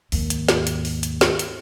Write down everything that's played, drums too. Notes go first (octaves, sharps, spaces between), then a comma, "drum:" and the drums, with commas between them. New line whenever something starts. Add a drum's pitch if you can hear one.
D#2 G#2, drum: open hi-hat
drum: hi-hat
drum: snare
drum: hi-hat
drum: open hi-hat
drum: hi-hat
drum: snare
drum: hi-hat